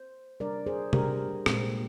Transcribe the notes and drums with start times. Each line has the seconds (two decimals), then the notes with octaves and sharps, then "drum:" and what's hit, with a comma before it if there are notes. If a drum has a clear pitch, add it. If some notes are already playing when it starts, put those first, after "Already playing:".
Already playing: C5
0.40 C3 G3 D4 A#4 D5
0.66 G#4 C5
0.93 C3 G3 D4 G4 A#4, drum: tom C3
1.46 A#2 G#3 C4, drum: rim click